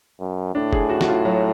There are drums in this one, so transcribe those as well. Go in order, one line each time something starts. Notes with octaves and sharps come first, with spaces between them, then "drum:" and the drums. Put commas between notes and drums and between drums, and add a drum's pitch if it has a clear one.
F#2
A2 D4
G#4, drum: kick
F#4
F#4, drum: snare
F4
F#3